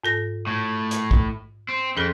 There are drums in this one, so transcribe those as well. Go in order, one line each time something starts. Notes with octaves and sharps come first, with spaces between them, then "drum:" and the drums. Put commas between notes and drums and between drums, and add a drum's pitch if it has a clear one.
G#2 A4 A#6
A2
drum: hi-hat
drum: kick A#1
C4
F2 C#4 G#4 A4